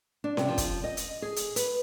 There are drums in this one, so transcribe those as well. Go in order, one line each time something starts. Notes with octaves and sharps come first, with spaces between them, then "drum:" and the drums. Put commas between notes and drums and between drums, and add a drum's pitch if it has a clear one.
D4
C3, drum: snare C#4
F3
drum: kick, hi-hat
D#5
drum: hi-hat
G#4
drum: hi-hat
B4, drum: hi-hat